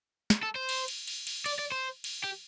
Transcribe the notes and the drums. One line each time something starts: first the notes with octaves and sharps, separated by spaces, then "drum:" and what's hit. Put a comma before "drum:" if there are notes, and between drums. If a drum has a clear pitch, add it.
drum: snare
A4
C5
drum: cymbal
drum: cymbal
drum: cymbal
drum: cymbal
D5, drum: cymbal
D5
C5
drum: cymbal
G4